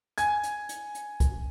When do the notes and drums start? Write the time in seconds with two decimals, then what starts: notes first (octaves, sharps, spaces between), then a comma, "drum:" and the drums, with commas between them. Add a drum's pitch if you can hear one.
0.18 G#5 G#6, drum: hi-hat
0.43 drum: hi-hat
0.69 drum: hi-hat
0.95 drum: hi-hat
1.20 drum: kick C2, hi-hat